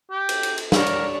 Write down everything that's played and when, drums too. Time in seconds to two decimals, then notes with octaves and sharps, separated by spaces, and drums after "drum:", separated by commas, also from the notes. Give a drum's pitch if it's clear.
0.10 G4
0.29 drum: cymbal
0.43 drum: cymbal
0.58 drum: cymbal
0.72 D4 A#4 C#5, drum: snare
0.86 drum: cymbal